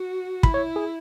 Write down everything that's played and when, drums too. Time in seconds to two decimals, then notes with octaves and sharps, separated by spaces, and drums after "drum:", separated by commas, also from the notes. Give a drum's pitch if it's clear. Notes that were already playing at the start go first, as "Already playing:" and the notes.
Already playing: F#4
0.43 E4 B5, drum: kick
0.54 C#5
0.76 G#4